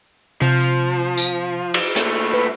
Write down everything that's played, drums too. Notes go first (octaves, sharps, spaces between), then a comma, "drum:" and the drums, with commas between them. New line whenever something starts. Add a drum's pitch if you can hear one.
C3 F3
drum: tambourine
drum: cymbal
A#2 A3, drum: hi-hat
B4